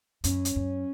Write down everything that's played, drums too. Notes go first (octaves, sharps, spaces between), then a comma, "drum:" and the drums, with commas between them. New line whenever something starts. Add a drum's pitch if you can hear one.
F#2 C#4, drum: hi-hat
drum: hi-hat
F#2